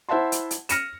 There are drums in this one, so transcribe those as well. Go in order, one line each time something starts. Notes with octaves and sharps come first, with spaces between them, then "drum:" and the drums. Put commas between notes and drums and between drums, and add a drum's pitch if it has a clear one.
E4 C5 E5 F#5 A5 C6
drum: hi-hat
drum: hi-hat
F6 A#6 C#7 D#7 E7, drum: hi-hat